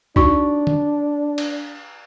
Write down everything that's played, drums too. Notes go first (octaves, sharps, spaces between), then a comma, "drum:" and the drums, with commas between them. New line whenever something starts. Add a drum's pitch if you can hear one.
D4 D#4 F#4 C#6, drum: kick
drum: tom
drum: cymbal